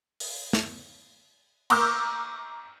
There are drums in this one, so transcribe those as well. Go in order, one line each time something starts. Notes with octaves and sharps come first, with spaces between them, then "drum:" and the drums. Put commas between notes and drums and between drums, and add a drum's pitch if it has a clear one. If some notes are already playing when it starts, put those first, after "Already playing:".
drum: open hi-hat
drum: snare
A#5 C#6 D6 E6 F6 G6, drum: cymbal